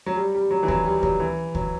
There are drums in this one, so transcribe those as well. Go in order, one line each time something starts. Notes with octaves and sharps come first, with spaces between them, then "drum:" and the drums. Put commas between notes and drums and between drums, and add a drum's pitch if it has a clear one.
F#3
G3
G3
F#3
E3
F#3, drum: kick D2
G3
G3
F#3, drum: kick D2
E3
F#3, drum: kick D2